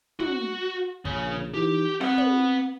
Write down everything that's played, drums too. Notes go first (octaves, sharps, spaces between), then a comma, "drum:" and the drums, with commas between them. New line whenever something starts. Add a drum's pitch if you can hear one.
F#4, drum: tom
A#1 C#3, drum: kick
E3 D#4 G4
C4 B4 F#5, drum: snare
drum: tom